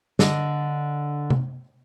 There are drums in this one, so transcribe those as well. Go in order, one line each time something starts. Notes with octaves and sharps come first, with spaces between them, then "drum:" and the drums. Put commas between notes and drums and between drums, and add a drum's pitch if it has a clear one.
D3 D4 D#5, drum: snare
drum: tom C3